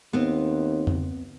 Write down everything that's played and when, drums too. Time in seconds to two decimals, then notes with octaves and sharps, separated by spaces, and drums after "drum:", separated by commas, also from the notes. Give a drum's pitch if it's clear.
0.13 D#2 B3 C4
0.87 drum: tom F2